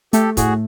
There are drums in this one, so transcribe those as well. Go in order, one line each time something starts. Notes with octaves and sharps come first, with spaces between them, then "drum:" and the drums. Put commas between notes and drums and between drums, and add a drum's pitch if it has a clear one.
A3 G4 A4, drum: hi-hat
A2 F#4 G#4, drum: kick, hi-hat